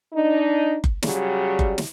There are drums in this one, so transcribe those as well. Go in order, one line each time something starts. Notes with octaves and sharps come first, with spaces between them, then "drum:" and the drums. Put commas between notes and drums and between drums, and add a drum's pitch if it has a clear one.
D4 D#4
drum: kick F#1
C#3 F#3 G3, drum: snare
drum: kick F#1
drum: snare